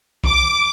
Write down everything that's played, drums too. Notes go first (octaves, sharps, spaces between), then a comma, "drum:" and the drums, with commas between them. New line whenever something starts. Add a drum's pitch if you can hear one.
D6, drum: kick